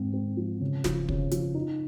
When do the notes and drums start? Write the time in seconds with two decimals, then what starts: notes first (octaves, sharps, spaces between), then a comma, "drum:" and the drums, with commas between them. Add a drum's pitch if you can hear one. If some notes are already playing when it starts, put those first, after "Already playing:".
Already playing: G#2 C4
0.13 C4
0.37 F3
0.60 C#3
0.84 F3, drum: snare
1.09 C#3, drum: kick
1.31 F3, drum: hi-hat
1.55 D#4